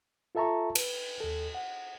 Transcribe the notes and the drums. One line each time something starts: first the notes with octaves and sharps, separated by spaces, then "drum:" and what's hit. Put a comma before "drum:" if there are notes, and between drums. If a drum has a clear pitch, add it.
F4 A4 E5 A5 A#5 C#6
B4, drum: cymbal
D#2 A4
F#5